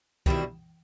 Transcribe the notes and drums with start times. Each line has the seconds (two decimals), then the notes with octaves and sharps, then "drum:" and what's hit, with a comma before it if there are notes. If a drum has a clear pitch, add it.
0.26 B2 D#3 G3 C4 E4, drum: kick C2